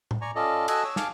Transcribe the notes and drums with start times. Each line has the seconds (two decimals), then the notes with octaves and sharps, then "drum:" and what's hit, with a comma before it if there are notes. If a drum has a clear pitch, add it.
0.11 drum: tom A2
0.21 D5 G#5 A#5 C#6
0.35 C#4 F4 A4 D5 D#5
0.68 F#4 A4 D#5 G#5 E6 F#6, drum: cymbal
0.84 C#5 E6
0.96 F5 G#5 A5 D6, drum: snare